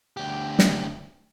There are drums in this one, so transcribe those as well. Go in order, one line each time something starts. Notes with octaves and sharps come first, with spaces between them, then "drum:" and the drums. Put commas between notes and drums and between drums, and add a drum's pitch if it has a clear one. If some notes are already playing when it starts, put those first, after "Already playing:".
D2 G4
drum: snare